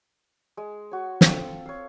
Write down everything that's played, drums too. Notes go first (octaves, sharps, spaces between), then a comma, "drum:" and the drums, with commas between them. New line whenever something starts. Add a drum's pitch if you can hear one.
G#3
F#4 C#5
C4 F4 A4, drum: snare
C#5 F5